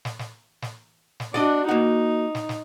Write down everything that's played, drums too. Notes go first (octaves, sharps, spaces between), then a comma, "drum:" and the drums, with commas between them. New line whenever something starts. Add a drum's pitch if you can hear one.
drum: snare
drum: snare
drum: snare
drum: snare
D4 F#4 D5 D#5, drum: snare
A#3 D#4 F#4
drum: snare
drum: snare